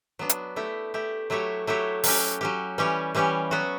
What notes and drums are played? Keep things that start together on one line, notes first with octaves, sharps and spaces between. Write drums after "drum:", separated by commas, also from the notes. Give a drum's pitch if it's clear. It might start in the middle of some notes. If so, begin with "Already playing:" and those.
F#3 B3 D4
drum: hi-hat
A3 E4 G4
A3 E4 G4
F#3 A3 E4 G4 C#5
F#3 A3 E4 G4 C#5
F#3 C#4 G4, drum: open hi-hat
F#3 C#4 G4
E3 G3 C#4 G4 C#5
E3 G3 C#4 G4 C#5
F#3 B3 F#4